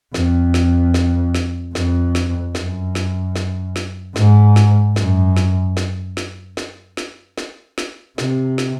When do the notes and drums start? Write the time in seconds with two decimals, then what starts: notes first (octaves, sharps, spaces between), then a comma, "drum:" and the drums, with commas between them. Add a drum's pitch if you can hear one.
0.14 F2, drum: snare
0.54 drum: snare
0.94 drum: snare
1.35 drum: snare
1.75 F2, drum: snare
2.15 drum: snare
2.55 F#2, drum: snare
2.95 drum: snare
3.36 drum: snare
3.76 drum: snare
4.16 G#2, drum: snare
4.56 drum: snare
4.96 F#2, drum: snare
5.37 drum: snare
5.77 drum: snare
6.17 drum: snare
6.57 drum: snare
6.97 drum: snare
7.38 drum: snare
7.78 drum: snare
8.18 C3, drum: snare
8.58 drum: snare